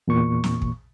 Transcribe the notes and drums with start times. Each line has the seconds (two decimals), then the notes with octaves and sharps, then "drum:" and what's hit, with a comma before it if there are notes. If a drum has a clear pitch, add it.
0.08 E2 A#2 C#6
0.44 drum: snare
0.62 drum: kick